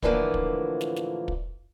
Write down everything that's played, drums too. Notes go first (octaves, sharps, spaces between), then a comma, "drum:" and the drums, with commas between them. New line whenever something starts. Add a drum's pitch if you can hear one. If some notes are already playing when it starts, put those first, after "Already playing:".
A2 D3 E3 F3 G#3 A#3, drum: kick
drum: kick
drum: snare
drum: snare
drum: kick